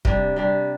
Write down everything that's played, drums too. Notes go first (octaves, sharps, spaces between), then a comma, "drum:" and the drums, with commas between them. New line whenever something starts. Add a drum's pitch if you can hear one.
C3 G3 D4, drum: kick
C3 G3 D4